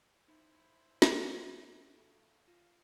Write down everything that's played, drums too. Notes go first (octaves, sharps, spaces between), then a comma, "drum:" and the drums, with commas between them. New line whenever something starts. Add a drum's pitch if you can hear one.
D#4 E4 C5 B5
drum: snare
C#3 A3 A4
F4 F5